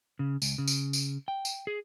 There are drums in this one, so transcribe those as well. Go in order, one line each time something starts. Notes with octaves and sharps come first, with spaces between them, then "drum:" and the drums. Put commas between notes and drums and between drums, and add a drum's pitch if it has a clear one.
C#3
C#2, drum: tambourine
C#3
drum: tambourine
drum: tambourine
G5
drum: tambourine
G#4